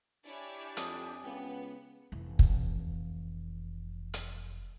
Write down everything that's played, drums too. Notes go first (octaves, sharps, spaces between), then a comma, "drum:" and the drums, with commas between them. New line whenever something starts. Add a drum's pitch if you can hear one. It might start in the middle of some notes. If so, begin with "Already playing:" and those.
D4 E4 G4 C#5 D5 G#5
F2 A5 D6 D#6, drum: hi-hat
C#2 B3 F5 G5
F1 E3
drum: kick
drum: hi-hat